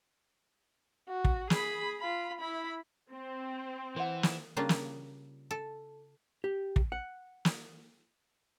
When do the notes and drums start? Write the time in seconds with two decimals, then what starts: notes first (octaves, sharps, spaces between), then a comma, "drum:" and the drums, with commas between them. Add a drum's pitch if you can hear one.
1.09 F#4
1.25 drum: kick
1.50 G#4 B5, drum: snare
1.99 F4 B5
2.39 E4 B5
3.10 C4
3.96 E3 C5 E5 F#5
4.23 drum: snare
4.57 C#3 G3 A#3 D4 F4
4.69 drum: snare
5.51 A4
6.44 G4
6.76 drum: kick
6.92 F#5
7.45 drum: snare